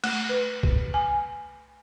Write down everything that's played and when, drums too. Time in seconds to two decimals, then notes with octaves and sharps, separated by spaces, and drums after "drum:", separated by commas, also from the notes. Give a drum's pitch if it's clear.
0.04 A3, drum: cymbal
0.29 B4
0.63 drum: kick B1
0.94 G#5